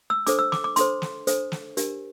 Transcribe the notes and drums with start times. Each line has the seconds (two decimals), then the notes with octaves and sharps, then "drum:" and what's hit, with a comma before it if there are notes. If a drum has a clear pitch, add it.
0.10 E6
0.27 D4 A4 C5 D6, drum: hi-hat
0.39 E6
0.52 D6, drum: snare
0.64 D6
0.76 D4 A4 C5 C6, drum: hi-hat
1.02 drum: snare
1.27 D4 A4 C5, drum: hi-hat
1.52 drum: snare
1.77 D4 G4 A#4, drum: hi-hat